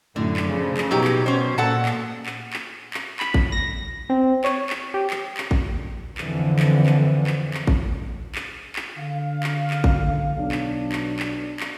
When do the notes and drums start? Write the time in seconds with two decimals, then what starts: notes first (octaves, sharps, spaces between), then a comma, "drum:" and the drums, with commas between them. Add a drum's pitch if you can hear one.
0.16 F#2 A2 D3
0.37 drum: clap
0.47 C#3 F3
0.77 drum: clap
0.91 B2 F#3 D#4 G4
1.04 drum: clap
1.26 C#4 C5
1.58 A#2 A4 F#5 A5
1.85 drum: clap
2.26 drum: clap
2.53 drum: clap
2.94 drum: clap
3.20 B5, drum: clap
3.34 drum: kick G#1
3.52 A#6
4.10 C4
4.44 C#5, drum: clap
4.70 drum: clap
4.94 G4
5.10 drum: clap
5.37 drum: clap
5.51 drum: kick G#1
6.18 F2 D3 E3, drum: clap
6.59 drum: clap
6.86 drum: clap
7.27 drum: clap
7.54 drum: clap
7.67 drum: kick G#1
8.35 drum: clap
8.76 drum: clap
8.97 D3 F5
9.43 drum: clap
9.70 drum: clap
9.84 drum: kick G#1
10.37 B1 D4
10.52 drum: clap
10.92 drum: clap
11.19 drum: clap
11.60 drum: clap